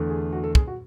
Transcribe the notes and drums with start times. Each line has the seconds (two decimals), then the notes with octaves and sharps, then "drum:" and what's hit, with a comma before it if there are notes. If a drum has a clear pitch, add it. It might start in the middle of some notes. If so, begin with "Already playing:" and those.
Already playing: E2 D3 A3
0.10 G#4
0.32 F#4
0.44 A4
0.55 G#4, drum: kick
0.67 F#4